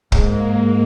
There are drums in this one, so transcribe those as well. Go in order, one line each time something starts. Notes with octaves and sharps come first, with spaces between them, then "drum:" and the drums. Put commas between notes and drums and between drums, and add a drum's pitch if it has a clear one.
G#2 A#3, drum: kick